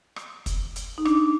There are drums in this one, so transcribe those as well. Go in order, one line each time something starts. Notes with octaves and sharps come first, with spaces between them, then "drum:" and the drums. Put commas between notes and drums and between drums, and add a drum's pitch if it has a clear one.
drum: rim click
drum: kick, hi-hat
drum: hi-hat
D#4
D4, drum: rim click